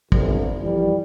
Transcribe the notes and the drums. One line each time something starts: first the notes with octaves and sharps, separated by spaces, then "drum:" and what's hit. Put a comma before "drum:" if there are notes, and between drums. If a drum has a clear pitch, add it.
G1 C2, drum: kick
E3 F3 G3